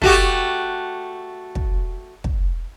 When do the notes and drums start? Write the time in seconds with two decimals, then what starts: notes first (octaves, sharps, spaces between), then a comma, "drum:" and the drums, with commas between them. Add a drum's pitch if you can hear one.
0.02 A3 F#4 G4, drum: kick
1.55 drum: kick
2.24 drum: kick